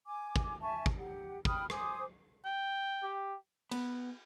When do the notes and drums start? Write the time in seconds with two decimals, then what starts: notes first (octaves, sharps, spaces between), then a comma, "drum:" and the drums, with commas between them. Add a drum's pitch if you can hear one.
0.06 G#5 D6
0.36 drum: kick
0.61 E5 G#5 A5 C#6
0.86 drum: kick
0.98 G4 F#5
1.45 G5 B5 D#6 F6, drum: kick
1.70 C5 G#5 D6 D#6, drum: rim click
2.45 G5
3.02 G4
3.71 B3, drum: cymbal